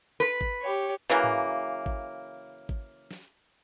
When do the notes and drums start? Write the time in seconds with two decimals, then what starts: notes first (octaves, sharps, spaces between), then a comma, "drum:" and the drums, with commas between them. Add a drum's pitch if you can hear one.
0.20 B4
0.41 drum: kick G#1
0.62 G4 C#5
1.10 C#3 E3 F#3 A#3
1.24 drum: tom G#2
1.86 drum: kick G#1
2.69 drum: kick G#1
3.11 drum: snare